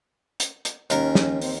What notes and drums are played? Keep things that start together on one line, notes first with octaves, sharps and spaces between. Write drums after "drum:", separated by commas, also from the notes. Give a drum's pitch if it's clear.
drum: hi-hat
drum: hi-hat
D#2 C#4 A#4, drum: hi-hat
drum: snare
C4, drum: open hi-hat